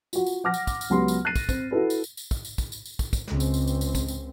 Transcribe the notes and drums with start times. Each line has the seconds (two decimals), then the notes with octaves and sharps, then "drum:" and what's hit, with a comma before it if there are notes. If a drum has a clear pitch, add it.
0.13 F4 F#4, drum: tambourine
0.26 drum: tambourine
0.44 F#5 D6 F6 A#6
0.54 drum: tambourine
0.67 drum: kick, tambourine
0.81 drum: tambourine
0.90 C#2 F#3 B3 G4 C6
1.08 drum: tambourine
1.25 F#6 A6 A#6 C7 D#7
1.36 drum: kick, tambourine
1.49 C4, drum: kick, tambourine
1.71 E4 F#4 A4 B4
1.90 drum: tambourine
2.04 drum: tambourine
2.17 drum: tambourine
2.31 drum: kick, tambourine
2.45 drum: tambourine
2.58 drum: kick, tambourine
2.72 drum: tambourine
2.86 drum: tambourine
2.99 drum: kick, tambourine
3.13 drum: kick, tambourine
3.28 C#2 C4, drum: snare
3.40 drum: tambourine
3.54 drum: tambourine
3.67 drum: tambourine
3.81 drum: tambourine
3.95 drum: kick, tambourine
4.08 drum: tambourine